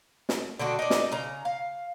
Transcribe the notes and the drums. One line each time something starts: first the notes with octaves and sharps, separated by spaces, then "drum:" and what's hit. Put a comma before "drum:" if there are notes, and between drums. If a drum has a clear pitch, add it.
drum: snare
D3 D#3 D4 F#4
D#4 D5
drum: snare
C#3 A#5
F5